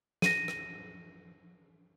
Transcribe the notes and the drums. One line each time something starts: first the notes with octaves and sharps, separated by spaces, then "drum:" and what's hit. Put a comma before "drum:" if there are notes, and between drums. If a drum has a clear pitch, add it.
A#6 D#7, drum: snare
drum: rim click